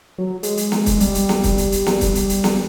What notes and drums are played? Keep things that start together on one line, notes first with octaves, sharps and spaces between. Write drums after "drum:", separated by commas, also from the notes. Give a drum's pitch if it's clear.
F#3
G#3, drum: hi-hat
drum: hi-hat
drum: snare
drum: kick, hi-hat
G3, drum: hi-hat
drum: hi-hat
drum: snare
drum: kick, hi-hat
drum: hi-hat
drum: hi-hat
drum: snare
drum: kick, hi-hat
drum: hi-hat
drum: hi-hat
drum: snare